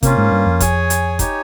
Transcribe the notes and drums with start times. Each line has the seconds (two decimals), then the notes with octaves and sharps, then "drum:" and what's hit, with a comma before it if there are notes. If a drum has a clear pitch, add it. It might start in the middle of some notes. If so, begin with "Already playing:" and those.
0.03 C3 A#3 C#4 F4, drum: kick F#1, hi-hat
0.18 G#2
0.32 G2
0.46 F2
0.60 G#4 C#5 G#5, drum: kick F#1, hi-hat
0.90 drum: hi-hat
1.19 D#4 G4 C#5 G#5, drum: kick F#1, hi-hat